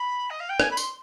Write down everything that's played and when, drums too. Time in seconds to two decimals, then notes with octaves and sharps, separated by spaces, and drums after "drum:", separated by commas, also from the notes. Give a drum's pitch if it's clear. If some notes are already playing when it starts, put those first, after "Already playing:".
Already playing: B5
0.30 D#5
0.40 F5
0.49 G5
0.60 G#5, drum: rim click
0.71 B5
0.77 C6, drum: tambourine